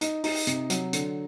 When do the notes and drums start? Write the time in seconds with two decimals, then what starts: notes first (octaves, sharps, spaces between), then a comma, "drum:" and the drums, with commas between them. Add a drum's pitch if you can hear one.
0.01 D#4, drum: hi-hat
0.24 D#4, drum: open hi-hat
0.47 C3, drum: hi-hat
0.70 F#3, drum: hi-hat
0.93 D3, drum: hi-hat